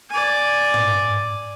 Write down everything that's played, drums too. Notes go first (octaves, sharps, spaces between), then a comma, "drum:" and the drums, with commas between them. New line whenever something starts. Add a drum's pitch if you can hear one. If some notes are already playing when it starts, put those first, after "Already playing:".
D5 G#5
drum: tom G#2